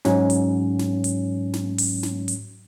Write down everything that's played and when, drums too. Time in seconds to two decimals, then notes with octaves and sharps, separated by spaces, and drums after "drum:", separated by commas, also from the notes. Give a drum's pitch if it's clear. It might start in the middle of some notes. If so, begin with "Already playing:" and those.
0.05 G#2 F#3 C#4, drum: snare
0.30 drum: hi-hat
0.79 drum: snare
1.04 drum: hi-hat
1.54 drum: snare
1.78 drum: open hi-hat
2.03 drum: snare
2.28 drum: hi-hat